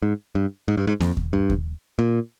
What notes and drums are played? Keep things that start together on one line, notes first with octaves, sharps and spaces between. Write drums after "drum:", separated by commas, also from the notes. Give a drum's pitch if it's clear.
G#2
G2
G#2
G2
G#2
F2, drum: snare A#3
drum: kick D#2
G2
drum: kick D#2
A#2